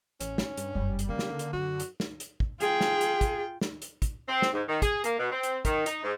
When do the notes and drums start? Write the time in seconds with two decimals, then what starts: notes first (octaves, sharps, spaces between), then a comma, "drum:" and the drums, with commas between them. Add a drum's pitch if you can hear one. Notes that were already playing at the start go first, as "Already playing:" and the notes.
0.20 A1 C#4, drum: hi-hat
0.38 drum: snare
0.57 G2, drum: hi-hat
0.75 F#1 G2 G3
0.99 drum: hi-hat
1.09 C#3 A#3
1.19 drum: snare
1.30 D3
1.39 drum: hi-hat
1.53 F#2 F#4
1.80 drum: hi-hat
2.00 drum: snare
2.20 drum: hi-hat
2.40 drum: kick
2.60 F4 G#4 G5, drum: hi-hat
2.81 drum: snare
3.01 drum: hi-hat
3.21 drum: kick, hi-hat
3.61 drum: snare
3.82 drum: hi-hat
4.02 drum: kick, hi-hat
4.28 C4
4.42 drum: snare
4.53 G#2
4.68 D#3
4.82 G#4, drum: kick, hi-hat
5.04 A#3, drum: hi-hat
5.18 B2
5.31 C4
5.43 drum: hi-hat
5.65 D#3, drum: kick, hi-hat
5.86 D#4, drum: hi-hat
6.04 G#2